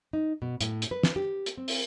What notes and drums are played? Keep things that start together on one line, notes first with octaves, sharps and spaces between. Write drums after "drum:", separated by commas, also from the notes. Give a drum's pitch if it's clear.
D#4
B2
A2, drum: hi-hat
drum: hi-hat
B4
drum: snare
G4
drum: hi-hat
C4
drum: open hi-hat